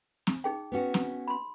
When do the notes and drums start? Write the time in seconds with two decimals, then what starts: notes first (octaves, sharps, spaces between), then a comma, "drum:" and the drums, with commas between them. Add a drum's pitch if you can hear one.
0.27 drum: snare
0.44 D#4 G#4 G5
0.72 B3 C#4 F#4
0.94 drum: snare
1.28 B5 C6